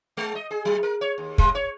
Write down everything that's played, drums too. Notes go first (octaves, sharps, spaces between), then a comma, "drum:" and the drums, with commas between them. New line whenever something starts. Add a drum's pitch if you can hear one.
G#3
D#5
G#4
F#3
A#4
C#5
D#2
G3, drum: kick
C#5